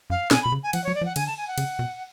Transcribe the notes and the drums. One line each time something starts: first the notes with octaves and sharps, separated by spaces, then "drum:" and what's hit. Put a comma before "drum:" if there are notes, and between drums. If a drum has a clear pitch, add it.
F#2 F5
B2 G#5, drum: snare
B2 B5
C#3
G#5
F3 F#5, drum: cymbal
F#3 C#5
D5
F3
F#5
D3 G#5, drum: cymbal
A5
G#5
F#5
C#3, drum: cymbal
B2